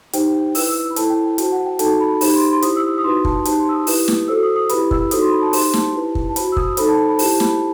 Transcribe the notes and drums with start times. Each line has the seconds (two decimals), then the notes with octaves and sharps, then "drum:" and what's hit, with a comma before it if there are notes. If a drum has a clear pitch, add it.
0.13 D#4 G4 C5 G5, drum: hi-hat
0.34 G5
0.55 E4 B4 E6, drum: open hi-hat
0.69 E6
0.83 E6
0.91 B5
0.96 E4 A4 C5 A5, drum: hi-hat
1.10 G5
1.24 G5
1.38 F#4 C5 A5, drum: hi-hat
1.52 F#5
1.66 G5
1.79 D#4 F#4 A4 A5, drum: hi-hat
2.00 B5
2.21 D#4 G4 C5 B5, drum: open hi-hat
2.35 C6
2.49 C6
2.62 E4 G4 C5 D#6, drum: hi-hat
2.76 E6
2.98 D#6
3.04 D#4 F#4 B4 C6
3.25 A5, drum: kick
3.45 D#4 G4 C5 A5, drum: hi-hat
3.60 C6
3.69 E6
3.73 D#6
3.87 E4 G4 B4, drum: open hi-hat
4.08 drum: snare
4.28 F#4 A4 C5 E6
4.43 D#6
4.56 D#6
4.69 E4 G4 B4 B5, drum: hi-hat
4.91 E6, drum: kick
5.11 D#4 F#4 A4 C5 D#6, drum: hi-hat
5.22 C6
5.32 B5
5.42 A5
5.53 D#4 G4 C5 C6, drum: open hi-hat
5.73 A5, drum: snare
5.95 E4 G4 B4
6.15 drum: kick
6.29 A5
6.36 F#4 C5 B5, drum: hi-hat
6.52 E6
6.57 D#6, drum: kick
6.77 D#4 A4 C5 B5, drum: hi-hat
6.88 A5
7.09 B5
7.19 E4 G4 C5 A5, drum: open hi-hat
7.40 B5, drum: snare